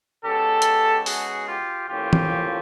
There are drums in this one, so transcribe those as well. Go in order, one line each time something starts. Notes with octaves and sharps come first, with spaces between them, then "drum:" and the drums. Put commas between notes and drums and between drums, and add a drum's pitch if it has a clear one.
B2 G#3 C#4 G4 A4
drum: hi-hat
F#4 G#4, drum: open hi-hat
F4 G4
A2 F3 A#3 C#4 F4 G4
drum: tom E3